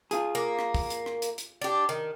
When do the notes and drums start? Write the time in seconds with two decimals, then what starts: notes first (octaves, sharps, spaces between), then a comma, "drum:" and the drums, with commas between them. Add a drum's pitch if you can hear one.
0.11 F4 G#4, drum: hi-hat
0.35 A#3
0.59 drum: rim click
0.75 drum: kick, open hi-hat
0.90 drum: hi-hat
1.06 drum: rim click
1.22 drum: hi-hat
1.38 drum: hi-hat
1.62 D4 G4
1.89 D#3